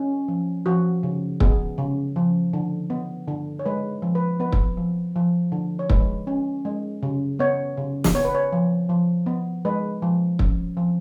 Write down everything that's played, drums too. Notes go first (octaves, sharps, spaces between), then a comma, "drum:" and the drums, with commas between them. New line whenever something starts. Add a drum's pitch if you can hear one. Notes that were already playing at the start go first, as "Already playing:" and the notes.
Already playing: C#4
F3
F3 F#4
C#3
B3 G#4, drum: kick
C#3
F3
D3
B3
D3
C#5
G#3 B4
F3
B4
B3 B4
drum: kick
F3
F3
D3
C#5
G#3 B4, drum: kick
C#4
G#3
C#3
B3 C#5
C#3
drum: snare
B3 C#5
B4
C#5
F3
F3
B3
G#3 B4
F3
C#4, drum: kick
F3